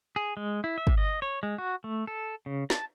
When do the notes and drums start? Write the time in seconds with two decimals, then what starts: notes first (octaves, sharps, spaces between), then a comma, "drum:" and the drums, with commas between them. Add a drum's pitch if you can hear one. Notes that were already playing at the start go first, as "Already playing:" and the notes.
0.16 G#4
0.37 G#3
0.64 E4
0.78 E5
0.87 drum: kick
0.97 D#5
1.22 C#5
1.43 G#3
1.58 F#4
1.84 A3
2.07 A4
2.46 C#3
2.70 A5, drum: snare